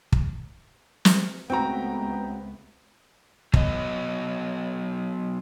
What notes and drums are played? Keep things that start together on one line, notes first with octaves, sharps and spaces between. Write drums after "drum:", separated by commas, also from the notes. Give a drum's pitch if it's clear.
drum: kick
drum: snare
C#2 A3 B3 C4 F#4 G5 A#5
F#3 B3 D#5, drum: kick